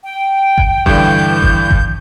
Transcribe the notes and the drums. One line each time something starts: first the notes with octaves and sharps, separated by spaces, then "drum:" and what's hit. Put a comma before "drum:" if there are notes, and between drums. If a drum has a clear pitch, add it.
G5
drum: kick G1
G2 D3 E3 G6, drum: kick G1
drum: kick G1
drum: kick G1